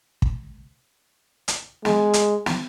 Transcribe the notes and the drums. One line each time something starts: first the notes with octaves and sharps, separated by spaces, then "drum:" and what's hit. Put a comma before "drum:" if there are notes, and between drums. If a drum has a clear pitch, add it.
drum: kick
drum: hi-hat
G#3, drum: snare
drum: hi-hat
drum: snare